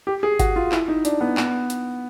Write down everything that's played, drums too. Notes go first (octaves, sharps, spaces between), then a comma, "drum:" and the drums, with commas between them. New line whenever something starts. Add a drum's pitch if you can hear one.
G4
G#4
F#4, drum: kick G1, hi-hat
F4
E4, drum: clap
D#4
D4, drum: hi-hat
B3
B3, drum: clap
drum: hi-hat